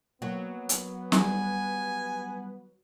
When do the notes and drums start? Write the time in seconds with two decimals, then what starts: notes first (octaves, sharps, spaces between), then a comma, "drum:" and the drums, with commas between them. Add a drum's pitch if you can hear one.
0.22 F#3 A#3 B3
0.69 drum: hi-hat
1.12 D#3 G3 G#5, drum: snare